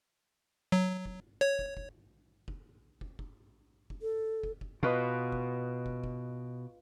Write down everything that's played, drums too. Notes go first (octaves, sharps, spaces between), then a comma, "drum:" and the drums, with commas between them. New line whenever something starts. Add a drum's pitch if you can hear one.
F#3
drum: kick
C#5
drum: kick
drum: kick
drum: kick
drum: kick
drum: kick
drum: kick
A4
drum: kick
drum: kick
B2 F4 B4 D#5
drum: kick
drum: kick
drum: kick